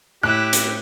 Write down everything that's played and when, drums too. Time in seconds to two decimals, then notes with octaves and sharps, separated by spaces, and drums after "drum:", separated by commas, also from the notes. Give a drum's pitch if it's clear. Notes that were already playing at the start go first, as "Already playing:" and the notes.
0.23 A2 E4 G4 F#6
0.53 drum: hi-hat